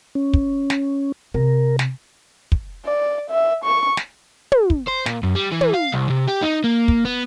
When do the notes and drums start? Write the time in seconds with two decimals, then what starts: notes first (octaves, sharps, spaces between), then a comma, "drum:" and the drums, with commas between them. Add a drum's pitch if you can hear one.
0.15 C#4
0.34 drum: kick
0.70 drum: snare
1.34 C3 A#4
1.79 drum: snare
2.52 drum: kick
2.85 D5
3.30 E5
3.65 C#6
3.97 drum: snare
4.52 drum: tom
4.70 drum: kick
4.88 C5
5.06 A#2, drum: snare
5.23 F#2
5.35 G3
5.52 E3
5.61 drum: tom
5.74 F5
5.92 C2
6.10 C3
6.27 G4
6.42 D#4
6.64 A#3
6.88 drum: kick
7.05 B3